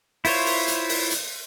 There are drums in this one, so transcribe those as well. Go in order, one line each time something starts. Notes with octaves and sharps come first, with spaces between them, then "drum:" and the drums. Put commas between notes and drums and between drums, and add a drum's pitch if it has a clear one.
E4 F4 C5 C#5, drum: open hi-hat
drum: open hi-hat
drum: hi-hat
drum: open hi-hat
drum: hi-hat